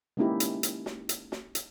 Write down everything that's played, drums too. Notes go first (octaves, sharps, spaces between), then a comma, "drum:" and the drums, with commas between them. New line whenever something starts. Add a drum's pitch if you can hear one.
G#3 A#3 C#4 D#4 E4 G4
drum: hi-hat
drum: hi-hat
drum: snare
drum: hi-hat
drum: snare
drum: hi-hat